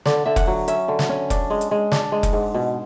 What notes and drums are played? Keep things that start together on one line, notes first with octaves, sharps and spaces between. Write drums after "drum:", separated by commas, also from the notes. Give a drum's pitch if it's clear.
D3 D5, drum: snare
D3 E5
F#5, drum: kick F1, hi-hat
F#3
C#4 E5, drum: hi-hat
D3
drum: snare
C#4
D4, drum: kick F1, hi-hat
G#3
drum: hi-hat
G#3
D4, drum: snare
G#3
drum: kick F1, hi-hat
G#2
B2